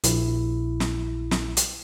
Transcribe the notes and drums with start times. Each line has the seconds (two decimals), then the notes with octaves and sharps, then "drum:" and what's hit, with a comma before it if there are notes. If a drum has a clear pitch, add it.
0.04 A#1 E4, drum: hi-hat
0.80 drum: snare
1.31 drum: snare
1.57 drum: hi-hat